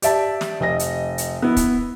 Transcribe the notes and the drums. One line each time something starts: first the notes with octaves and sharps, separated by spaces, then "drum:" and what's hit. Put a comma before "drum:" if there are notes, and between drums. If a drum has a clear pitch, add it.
G4 D5 E5 A5, drum: hi-hat
drum: snare
F1 D#5 A#6
drum: hi-hat
drum: hi-hat
B3 E4
drum: kick, hi-hat